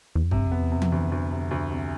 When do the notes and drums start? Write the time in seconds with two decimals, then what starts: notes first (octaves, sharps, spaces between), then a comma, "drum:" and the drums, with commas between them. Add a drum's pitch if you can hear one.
0.15 E2
0.23 F2
0.31 G2 C3, drum: kick
0.47 F2
0.52 B3
0.61 E2
0.72 F2 C3
0.82 drum: tom E3
0.92 D2
1.12 D2
1.31 C3
1.51 D2
1.71 C3